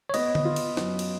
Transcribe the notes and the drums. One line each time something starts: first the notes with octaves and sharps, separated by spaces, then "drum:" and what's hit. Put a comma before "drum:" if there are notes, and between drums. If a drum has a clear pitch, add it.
C#5
B3 D#5, drum: cymbal
drum: tom D3
F4
drum: cymbal
F#2, drum: snare
drum: cymbal